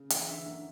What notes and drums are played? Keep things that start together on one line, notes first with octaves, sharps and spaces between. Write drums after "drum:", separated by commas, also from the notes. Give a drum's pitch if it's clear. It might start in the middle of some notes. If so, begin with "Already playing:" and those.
Already playing: C#3
E3, drum: hi-hat
D3 E5
F#2